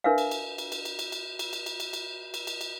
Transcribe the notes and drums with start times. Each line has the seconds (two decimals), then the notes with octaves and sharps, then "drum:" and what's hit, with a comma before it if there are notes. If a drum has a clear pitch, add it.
0.04 D4 A#4 B4 E5 F5
0.18 drum: cymbal
0.31 drum: cymbal
0.58 drum: cymbal
0.72 drum: cymbal
0.85 drum: cymbal
0.99 drum: cymbal
1.12 drum: cymbal
1.39 drum: cymbal
1.53 drum: cymbal
1.66 drum: cymbal
1.80 drum: cymbal
1.93 drum: cymbal
2.34 drum: cymbal
2.47 drum: cymbal
2.61 drum: cymbal